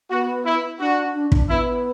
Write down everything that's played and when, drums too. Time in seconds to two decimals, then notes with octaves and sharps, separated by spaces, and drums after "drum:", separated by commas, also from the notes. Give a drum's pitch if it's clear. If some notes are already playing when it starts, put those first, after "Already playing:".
0.10 B3 F#4
0.45 E4
0.79 D4 F#4
1.14 D4
1.32 D4, drum: kick
1.49 B3 E4